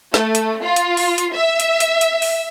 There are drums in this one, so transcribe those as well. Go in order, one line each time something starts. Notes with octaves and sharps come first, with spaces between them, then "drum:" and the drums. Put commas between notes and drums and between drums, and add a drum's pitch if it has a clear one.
A3, drum: snare
drum: hi-hat
F4
drum: hi-hat
drum: open hi-hat
drum: hi-hat
E5
drum: hi-hat
drum: hi-hat
drum: hi-hat
drum: open hi-hat